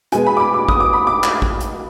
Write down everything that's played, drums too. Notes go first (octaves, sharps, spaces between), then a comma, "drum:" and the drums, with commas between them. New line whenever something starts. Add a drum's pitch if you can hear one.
B2 G#3 B3 G#5, drum: hi-hat
B5
D6
B5
D6
D#6, drum: kick
D6
B5
D6
drum: clap
drum: kick
drum: hi-hat